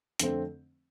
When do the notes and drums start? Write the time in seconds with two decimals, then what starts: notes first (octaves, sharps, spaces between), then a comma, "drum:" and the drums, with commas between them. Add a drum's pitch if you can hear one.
0.20 F2 D3 A3 C4, drum: hi-hat